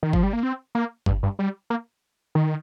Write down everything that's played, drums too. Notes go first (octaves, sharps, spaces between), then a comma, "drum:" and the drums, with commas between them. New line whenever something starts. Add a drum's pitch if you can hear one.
D#3
F3, drum: kick G1
G3
A#3
C4
A#3
G2, drum: kick G1
G2
G3
A#3
D#3